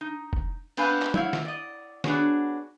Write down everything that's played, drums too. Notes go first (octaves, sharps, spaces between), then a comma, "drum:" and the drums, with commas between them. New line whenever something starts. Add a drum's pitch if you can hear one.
D#4
drum: kick
B3 C4 D4 B4 F5 G#5, drum: cymbal
drum: clap
G#2 E4 C#5 F5 F#5, drum: tom
drum: snare
D5 D#5
B3 D4 F#4 G#4 C#5, drum: snare